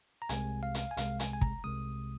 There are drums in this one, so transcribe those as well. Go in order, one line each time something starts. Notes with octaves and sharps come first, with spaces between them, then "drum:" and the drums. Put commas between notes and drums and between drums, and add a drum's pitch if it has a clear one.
A#5
C2 C3 G#3 G#5, drum: hi-hat
F5
drum: hi-hat
G#5
C2 C3 G#3 F5, drum: hi-hat
G#5, drum: hi-hat
G#5
A#5, drum: kick
C2 C3 G#3 D#6